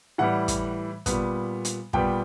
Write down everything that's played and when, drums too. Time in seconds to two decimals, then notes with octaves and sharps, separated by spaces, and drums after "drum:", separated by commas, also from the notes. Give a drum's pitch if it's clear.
0.18 A2 E3 G3 F#5
0.48 drum: kick, hi-hat
1.06 A#2 G3 B3, drum: kick, hi-hat
1.65 drum: hi-hat
1.93 A#2 G3 B3 G5, drum: kick